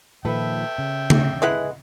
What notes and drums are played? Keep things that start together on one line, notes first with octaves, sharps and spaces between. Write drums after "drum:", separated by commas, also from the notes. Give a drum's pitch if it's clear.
A#2 D#3 F3 A4 B4 E5 G5
C#3
drum: tom C#3
G#3 E4 G#4 B4 F#5